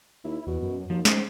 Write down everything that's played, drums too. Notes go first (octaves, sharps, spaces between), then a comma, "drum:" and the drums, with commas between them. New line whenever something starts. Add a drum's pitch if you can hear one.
D#2 E4
E2 B2
F#2
D#2 F3 F#3
G#3 C#4 C5, drum: snare